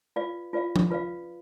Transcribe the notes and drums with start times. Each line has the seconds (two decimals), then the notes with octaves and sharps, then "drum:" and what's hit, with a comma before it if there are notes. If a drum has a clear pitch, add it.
0.16 F4 B4 D5 F5
0.53 F4 B4 D5 F5
0.76 drum: tom F3
0.90 F4 B4 D5 F5